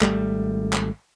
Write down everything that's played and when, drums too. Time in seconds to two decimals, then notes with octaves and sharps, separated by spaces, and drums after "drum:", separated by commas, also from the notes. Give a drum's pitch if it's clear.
0.01 G#1 E2 G3 A3, drum: clap
0.73 drum: clap